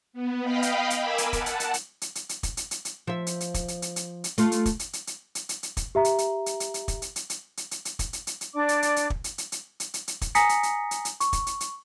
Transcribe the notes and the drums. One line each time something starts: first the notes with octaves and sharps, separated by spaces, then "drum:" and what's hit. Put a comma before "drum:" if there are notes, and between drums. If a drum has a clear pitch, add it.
B3
D#5 F5 G5 B5
drum: hi-hat
drum: hi-hat
A#4 G#5 B5 D6 E6
drum: hi-hat
F#5 A5, drum: kick, hi-hat
drum: hi-hat
drum: hi-hat
drum: hi-hat
drum: hi-hat
drum: hi-hat
drum: hi-hat
drum: kick, hi-hat
drum: hi-hat
drum: hi-hat
drum: hi-hat
F3 E5
drum: hi-hat
drum: hi-hat
drum: kick, hi-hat
drum: hi-hat
drum: hi-hat
drum: hi-hat
drum: hi-hat
A3 F4, drum: hi-hat
drum: hi-hat
drum: kick, hi-hat
drum: hi-hat
drum: hi-hat
drum: hi-hat
drum: hi-hat
drum: hi-hat
drum: hi-hat
drum: kick, hi-hat
G4 E5 A#5
drum: hi-hat
drum: hi-hat
drum: hi-hat
drum: hi-hat
drum: hi-hat
drum: kick, hi-hat
drum: hi-hat
drum: hi-hat
drum: hi-hat
drum: hi-hat
drum: hi-hat
drum: hi-hat
drum: kick, hi-hat
drum: hi-hat
drum: hi-hat
drum: hi-hat
D4 D5 D6
drum: hi-hat
drum: hi-hat
drum: hi-hat
drum: kick
drum: hi-hat
drum: hi-hat
drum: hi-hat
drum: hi-hat
drum: hi-hat
drum: hi-hat
drum: kick, hi-hat
G#5 A#5 D#6 A#6 B6 C#7, drum: hi-hat
drum: hi-hat
drum: hi-hat
drum: hi-hat
drum: hi-hat
C#6, drum: hi-hat
drum: kick, hi-hat
drum: hi-hat
drum: hi-hat